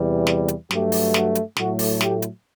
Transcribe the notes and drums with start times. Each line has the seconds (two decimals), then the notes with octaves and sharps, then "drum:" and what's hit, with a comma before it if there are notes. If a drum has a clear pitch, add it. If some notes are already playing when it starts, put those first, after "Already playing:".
Already playing: E2 C3 E3 G3
0.27 drum: snare
0.48 drum: hi-hat
0.71 G2 F#3 A3 G4, drum: snare
0.92 drum: open hi-hat
1.14 F#4, drum: snare
1.35 drum: hi-hat
1.57 A2 F#3 A3 F#4, drum: snare
1.79 drum: open hi-hat
2.01 G4, drum: snare
2.22 drum: hi-hat